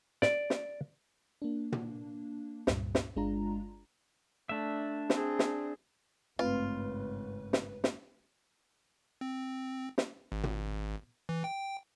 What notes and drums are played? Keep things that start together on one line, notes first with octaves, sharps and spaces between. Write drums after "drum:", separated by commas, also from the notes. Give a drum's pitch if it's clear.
D5, drum: snare
drum: snare
A#3 D4
drum: tom
C#2 G2 A#2, drum: snare
drum: snare
G1 G#3 D4 F4 A#5
A3 D4 E5
C4 G#4, drum: snare
drum: snare
G#1 G2 C#3 A3 C4 F4 B4
drum: snare
drum: snare
C4
drum: snare
G#1
drum: tom
E3
G5